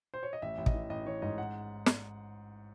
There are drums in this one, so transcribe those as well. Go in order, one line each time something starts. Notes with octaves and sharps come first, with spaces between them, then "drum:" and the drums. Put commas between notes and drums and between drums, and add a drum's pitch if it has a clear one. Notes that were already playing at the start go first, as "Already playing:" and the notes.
C5
C#5
D#5
A1 E5
A1
D#5, drum: kick
E3
A1 D#5
E3 C#5
G#2 D#5
F#5
drum: snare